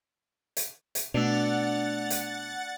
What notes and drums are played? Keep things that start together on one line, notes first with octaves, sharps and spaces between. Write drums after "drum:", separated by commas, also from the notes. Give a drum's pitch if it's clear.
drum: hi-hat
drum: hi-hat
B2 A3 D4 F#5 A6 F7
drum: hi-hat